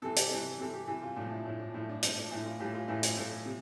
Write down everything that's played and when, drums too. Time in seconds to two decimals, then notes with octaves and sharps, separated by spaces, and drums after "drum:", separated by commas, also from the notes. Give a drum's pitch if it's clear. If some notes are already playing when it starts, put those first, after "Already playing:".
0.02 C3 E3 A4
0.16 G4, drum: hi-hat
0.31 C3 E3
0.59 C3 E3 A4
0.74 G4
0.87 C3 E3 G4
1.02 F4
1.16 A2 F3 D4
1.30 E4
1.45 A2 F3 E4
1.59 D4
1.74 A2 F3 E4
1.89 D4
2.03 A2 F3 C4, drum: hi-hat
2.16 D4
2.31 A2 E3 E4
2.45 F4
2.60 A2 E3 G4
2.74 F4
2.88 A2 E3 E4
3.03 F4, drum: hi-hat
3.17 A2 E3
3.46 C3